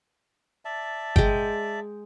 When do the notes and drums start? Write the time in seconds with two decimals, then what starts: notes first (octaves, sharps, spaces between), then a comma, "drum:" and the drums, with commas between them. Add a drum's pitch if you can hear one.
0.65 D5 E5 A5
1.16 G#3 G5, drum: kick G1